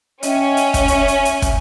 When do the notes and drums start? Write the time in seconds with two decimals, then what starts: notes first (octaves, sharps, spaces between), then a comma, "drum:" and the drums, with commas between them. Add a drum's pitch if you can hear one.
0.23 C#4 D#5 E5 G5, drum: hi-hat
0.57 drum: hi-hat
0.74 drum: kick, hi-hat
0.88 E5 G#5 C#6, drum: hi-hat
1.08 drum: hi-hat
1.25 drum: hi-hat
1.42 drum: kick, hi-hat